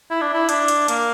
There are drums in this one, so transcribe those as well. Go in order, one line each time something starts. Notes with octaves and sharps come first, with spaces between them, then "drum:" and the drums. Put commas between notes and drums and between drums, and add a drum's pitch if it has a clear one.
E4
D4
E4
D4, drum: hi-hat
drum: hi-hat
A#3, drum: hi-hat